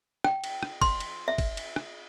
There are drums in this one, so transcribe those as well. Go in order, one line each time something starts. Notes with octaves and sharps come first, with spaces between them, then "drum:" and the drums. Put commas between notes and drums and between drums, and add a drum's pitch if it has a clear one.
G5, drum: rim click
drum: cymbal
drum: rim click
C6, drum: kick, cymbal
drum: cymbal
E5
drum: kick, cymbal
drum: cymbal
drum: rim click